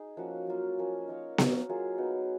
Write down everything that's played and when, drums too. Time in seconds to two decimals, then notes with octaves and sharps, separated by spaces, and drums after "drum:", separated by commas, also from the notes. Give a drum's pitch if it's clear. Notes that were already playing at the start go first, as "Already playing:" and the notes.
Already playing: D#4 G#4
0.17 F3 A#3 C#4 F#4
0.47 F#3 A#3 F4
0.78 F3 A#3 C#4
1.08 D#4 A#4 C#5 F5
1.38 C#4 F#4 A#4, drum: snare B3
1.69 F#3 A#3 F4 G#4
1.98 F#3 B3 D#4